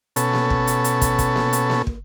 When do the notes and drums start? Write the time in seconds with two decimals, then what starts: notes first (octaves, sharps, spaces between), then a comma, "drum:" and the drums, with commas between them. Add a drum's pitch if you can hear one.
0.16 B2 C#4 A4, drum: hi-hat
0.33 drum: snare A#3
0.50 drum: kick
0.67 drum: hi-hat
0.84 drum: hi-hat
1.01 drum: kick, hi-hat
1.19 drum: kick, hi-hat
1.36 drum: snare A#3
1.53 drum: hi-hat
1.70 drum: snare A#3
1.87 drum: kick